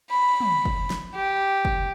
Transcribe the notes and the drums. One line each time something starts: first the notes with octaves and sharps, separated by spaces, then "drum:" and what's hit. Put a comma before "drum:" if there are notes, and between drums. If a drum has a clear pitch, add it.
B5
drum: tom
drum: kick
drum: snare
G4
drum: kick